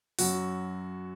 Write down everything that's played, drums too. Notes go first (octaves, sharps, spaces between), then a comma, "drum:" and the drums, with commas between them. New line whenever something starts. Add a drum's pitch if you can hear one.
F#2 F#3 F#4, drum: open hi-hat